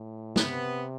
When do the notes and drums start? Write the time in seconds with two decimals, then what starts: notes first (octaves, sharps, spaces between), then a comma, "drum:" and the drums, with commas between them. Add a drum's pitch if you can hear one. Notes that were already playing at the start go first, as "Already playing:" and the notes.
Already playing: A2
0.36 C3 B3, drum: snare